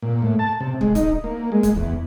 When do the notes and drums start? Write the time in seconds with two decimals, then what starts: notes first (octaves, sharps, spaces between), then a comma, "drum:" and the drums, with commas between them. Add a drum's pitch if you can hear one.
0.02 A#2
0.22 A2
0.39 A5
0.60 C3
0.81 G#3, drum: kick
0.95 D#4, drum: kick, hi-hat
1.24 A#3
1.52 G#3
1.63 drum: kick, hi-hat
1.76 E2